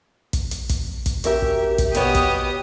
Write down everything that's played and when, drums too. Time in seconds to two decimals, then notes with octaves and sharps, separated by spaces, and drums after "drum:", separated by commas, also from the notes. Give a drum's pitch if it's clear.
0.33 drum: kick, hi-hat
0.51 drum: hi-hat
0.70 drum: kick, hi-hat
1.06 drum: kick, hi-hat
1.24 F#2 G4 A#4 E5, drum: hi-hat
1.42 drum: kick
1.78 drum: kick, hi-hat
1.95 B2 B3 G4 C#5 D#6, drum: hi-hat
2.15 drum: kick, hi-hat